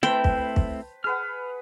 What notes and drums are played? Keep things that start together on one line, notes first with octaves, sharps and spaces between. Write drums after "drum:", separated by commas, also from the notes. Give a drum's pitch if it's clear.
A3 C4 E4 B4 C5 G5 A5
drum: kick
drum: kick
G#4 B4 F#5 F6